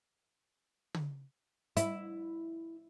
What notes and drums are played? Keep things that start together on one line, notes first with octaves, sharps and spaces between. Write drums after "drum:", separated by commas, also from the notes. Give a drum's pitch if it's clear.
drum: tom
E4, drum: hi-hat